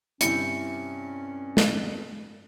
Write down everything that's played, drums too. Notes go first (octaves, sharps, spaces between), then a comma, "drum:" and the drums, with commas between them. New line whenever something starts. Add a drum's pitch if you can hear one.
G2 C3 C#4 E4 G5 C#7, drum: hi-hat
drum: snare